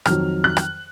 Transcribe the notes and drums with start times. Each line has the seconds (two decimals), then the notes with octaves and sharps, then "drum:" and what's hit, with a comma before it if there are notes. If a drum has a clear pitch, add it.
0.06 F2 D#3 F#3 F6, drum: rim click
0.44 F#6
0.57 drum: rim click